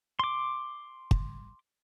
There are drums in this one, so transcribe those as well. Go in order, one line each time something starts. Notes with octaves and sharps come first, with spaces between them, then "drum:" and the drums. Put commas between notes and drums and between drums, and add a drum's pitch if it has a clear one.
C6 D6
drum: kick